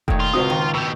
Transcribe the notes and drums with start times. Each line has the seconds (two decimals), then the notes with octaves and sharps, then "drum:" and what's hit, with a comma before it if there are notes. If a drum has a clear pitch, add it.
0.08 A#2 D#3 A3 C#5, drum: kick F1
0.20 F4
0.33 C#2 C4 F#4 C5 D#6
0.50 D#3
0.74 B2 G4 E6